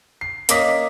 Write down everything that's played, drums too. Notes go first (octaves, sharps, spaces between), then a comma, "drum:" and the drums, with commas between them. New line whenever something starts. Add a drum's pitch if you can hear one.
C7
A#3 C#4 D#5 D6 D#6 B6, drum: hi-hat